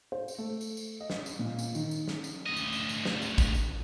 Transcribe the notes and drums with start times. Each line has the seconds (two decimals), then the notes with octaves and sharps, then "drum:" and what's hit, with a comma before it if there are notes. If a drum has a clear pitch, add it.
0.12 C5
0.28 drum: tambourine
0.38 A3
0.61 drum: tambourine
0.77 drum: tambourine
1.00 D#5
1.10 drum: snare
1.26 drum: tambourine
1.39 A#2
1.59 drum: tambourine
1.75 D#3, drum: tambourine
1.91 drum: tambourine
2.08 drum: snare
2.24 drum: tambourine
2.46 D2 D#5
2.57 drum: tambourine
2.73 drum: tambourine
2.89 drum: tambourine
3.05 drum: snare
3.22 drum: tambourine
3.38 drum: kick A1, tambourine
3.54 drum: tambourine